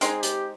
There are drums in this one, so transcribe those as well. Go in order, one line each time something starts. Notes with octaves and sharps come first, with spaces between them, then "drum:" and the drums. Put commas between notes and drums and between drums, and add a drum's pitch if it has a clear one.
G#3 C4 D#4 G#4, drum: hi-hat
G4, drum: hi-hat